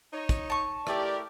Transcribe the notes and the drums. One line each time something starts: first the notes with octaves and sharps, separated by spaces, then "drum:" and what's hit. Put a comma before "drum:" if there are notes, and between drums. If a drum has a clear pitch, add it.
D#4 C#5
drum: kick, hi-hat
A5 C#6
A3 E4 G4 A#4 D5, drum: rim click